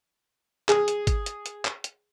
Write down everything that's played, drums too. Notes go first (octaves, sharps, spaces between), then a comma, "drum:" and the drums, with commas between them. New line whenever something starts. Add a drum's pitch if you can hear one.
G#4, drum: clap
drum: hi-hat
drum: kick, hi-hat
drum: hi-hat
drum: hi-hat
drum: clap
drum: hi-hat